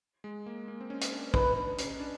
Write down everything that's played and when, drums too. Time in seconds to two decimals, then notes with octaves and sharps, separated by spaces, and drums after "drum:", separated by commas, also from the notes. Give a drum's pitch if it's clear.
0.24 G#3
0.46 A#3
0.68 A#3
0.81 C4
0.90 C#4
1.01 drum: hi-hat
1.12 D4
1.34 D#4 B4, drum: kick
1.57 D4
1.78 C#4, drum: hi-hat
2.00 D4